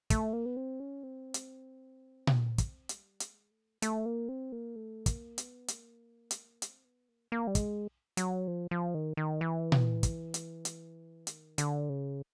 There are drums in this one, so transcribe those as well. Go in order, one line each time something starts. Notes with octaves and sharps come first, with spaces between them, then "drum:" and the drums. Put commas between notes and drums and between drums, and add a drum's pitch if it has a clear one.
A3, drum: kick, hi-hat
A#3
B3
C4
C#4
C4
drum: hi-hat
drum: tom A#2
drum: kick, hi-hat
G3, drum: hi-hat
G#3, drum: hi-hat
A3
A3, drum: hi-hat
A#3
C4
A#3
A3
A#3, drum: kick, hi-hat
B3, drum: hi-hat
A#3, drum: hi-hat
drum: hi-hat
C4, drum: hi-hat
B3
A#3
A#3
G3
G#3, drum: kick, hi-hat
F#3, drum: hi-hat
F3
F3
D#3
D#3
E3
drum: tom A#2
drum: kick, hi-hat
drum: hi-hat
drum: hi-hat
D#3, drum: hi-hat
D3, drum: hi-hat
C#3